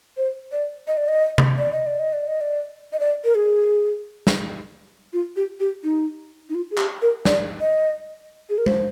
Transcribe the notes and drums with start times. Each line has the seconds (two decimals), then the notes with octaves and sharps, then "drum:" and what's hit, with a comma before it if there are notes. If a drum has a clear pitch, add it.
0.17 C5
0.52 D5
0.88 D#5
0.97 D5
1.08 D#5
1.38 drum: tom C3
1.58 D5
1.72 D#5
1.86 D5
1.99 D#5
2.13 D5
2.27 D#5
2.41 D5
2.93 D#5
3.00 D5
3.24 A#4
3.35 G#4
4.27 drum: snare
5.13 F4
5.36 G4
5.60 G4
5.83 D#4
6.49 D#4
6.55 F4
6.71 G#4
6.78 G4, drum: clap
7.02 A#4
7.25 D5, drum: snare
7.61 D#5
8.50 G#4
8.58 A#4
8.66 C5, drum: tom G#3